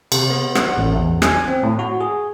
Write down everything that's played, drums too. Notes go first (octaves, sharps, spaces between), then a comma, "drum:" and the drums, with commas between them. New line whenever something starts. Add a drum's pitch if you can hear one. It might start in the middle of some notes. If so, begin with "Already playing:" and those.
C3, drum: cymbal
B3
F#5, drum: rim click
A1
E2
G#5, drum: rim click
C4
A2
F#4
G#4